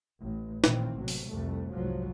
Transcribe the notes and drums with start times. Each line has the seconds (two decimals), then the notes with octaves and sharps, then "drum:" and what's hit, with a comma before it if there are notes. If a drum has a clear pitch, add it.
0.20 A1
0.64 A#2 D#3 E3 A#3 C4, drum: snare
0.93 A1 C3 F#3
1.08 drum: open hi-hat
1.28 C2 F2 A3
1.72 F1 C2 G#2 F3 F#3